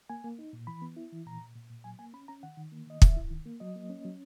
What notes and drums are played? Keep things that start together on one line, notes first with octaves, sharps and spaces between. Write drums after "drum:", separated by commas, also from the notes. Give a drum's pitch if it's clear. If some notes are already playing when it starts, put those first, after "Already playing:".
A#3 G#5
A#3
D#4
A#2
E3 B5
B3
E4
E3
A#2 A#5
A#2
A#2
A#2
F#3 G#5
A#3 G#5
C#4 B5
C#4 A#5
D#3 F#5
D#3
A#3
D#3 D#5
D#3 E5, drum: kick
E4
D#3
A#3
F#3 D#5
A#3
C#4
F#3